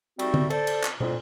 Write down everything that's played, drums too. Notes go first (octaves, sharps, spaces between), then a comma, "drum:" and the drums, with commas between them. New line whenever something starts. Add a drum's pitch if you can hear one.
G3 A3 C4 D#4 F#4, drum: cymbal
drum: tom D3
A4 C5 D5, drum: cymbal
drum: cymbal
drum: clap
F2 A#2, drum: tom